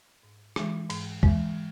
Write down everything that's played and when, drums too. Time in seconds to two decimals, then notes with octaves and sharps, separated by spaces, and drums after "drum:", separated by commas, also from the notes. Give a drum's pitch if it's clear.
0.23 G#2
0.56 E3 G#3, drum: rim click
0.90 G#2, drum: cymbal
1.23 E3 G#3, drum: kick